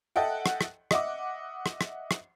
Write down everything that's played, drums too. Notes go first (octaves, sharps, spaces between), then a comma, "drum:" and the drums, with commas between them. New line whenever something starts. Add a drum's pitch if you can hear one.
A4 D#5 E5 F#5 G5
drum: rim click
drum: rim click
D#5 E5 F#5 D6, drum: rim click
drum: rim click
drum: rim click
drum: rim click